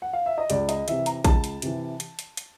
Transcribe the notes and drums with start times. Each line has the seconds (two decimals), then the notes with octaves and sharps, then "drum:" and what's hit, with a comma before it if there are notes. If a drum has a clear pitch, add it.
0.02 F#5
0.13 F5
0.26 E5
0.38 D#5
0.50 C#2 D5, drum: hi-hat
0.69 D#5, drum: hi-hat
0.88 C3 E3 E5, drum: hi-hat
1.06 A#5, drum: hi-hat
1.25 C#2 A5, drum: kick A1, hi-hat
1.44 drum: hi-hat
1.62 C3 E3, drum: hi-hat
2.00 drum: hi-hat
2.19 drum: hi-hat
2.37 drum: hi-hat